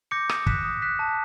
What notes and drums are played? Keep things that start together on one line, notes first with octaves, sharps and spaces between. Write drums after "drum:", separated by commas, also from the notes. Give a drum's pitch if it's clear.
D6 G6 A#6 C#7
D#6, drum: rim click
F#6 B6 E7, drum: kick
D#6
F#6 B6 E7
A5